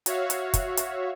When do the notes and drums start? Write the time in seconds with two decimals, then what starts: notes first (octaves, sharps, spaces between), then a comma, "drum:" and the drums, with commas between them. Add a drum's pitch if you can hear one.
0.06 F#4 C#5 E5 F5, drum: hi-hat
0.30 drum: hi-hat
0.54 drum: kick, hi-hat
0.77 drum: hi-hat